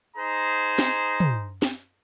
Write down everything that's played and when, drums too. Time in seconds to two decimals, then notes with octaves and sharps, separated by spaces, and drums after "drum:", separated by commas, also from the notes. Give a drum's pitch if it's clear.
0.16 D#4 G#4 C5 A#5
0.79 drum: snare
1.20 drum: tom
1.62 drum: snare